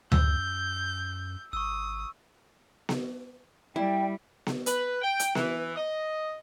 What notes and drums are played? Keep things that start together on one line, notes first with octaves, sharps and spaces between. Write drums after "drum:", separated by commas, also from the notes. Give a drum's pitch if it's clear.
F#2 E6 G6, drum: tom D2
G#1 C#6 D#6 E6
drum: snare B3
G3 E4 D5 G5
drum: snare B3
B4, drum: hi-hat
G5
drum: hi-hat
E3, drum: snare B3
D#5